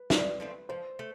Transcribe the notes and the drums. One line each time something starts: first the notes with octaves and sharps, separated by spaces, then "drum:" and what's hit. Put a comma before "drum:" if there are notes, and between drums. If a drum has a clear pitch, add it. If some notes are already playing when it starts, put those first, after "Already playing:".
Already playing: B4
D3 B4, drum: snare
F3 A3 C4
F3 C5
A3